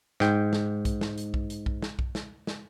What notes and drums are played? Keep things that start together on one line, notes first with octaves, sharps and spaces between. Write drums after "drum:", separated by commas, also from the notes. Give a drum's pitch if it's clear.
G#2 G5, drum: snare
drum: snare
drum: kick B1, hi-hat
drum: snare
drum: hi-hat
drum: kick B1
drum: hi-hat
drum: kick B1
drum: snare
drum: kick B1
drum: snare
drum: snare